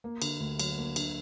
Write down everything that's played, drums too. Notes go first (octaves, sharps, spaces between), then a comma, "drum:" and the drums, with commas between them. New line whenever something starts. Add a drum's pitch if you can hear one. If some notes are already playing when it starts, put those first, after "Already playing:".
A#3
D3, drum: cymbal
D2
F#3, drum: cymbal
A#3
D3, drum: cymbal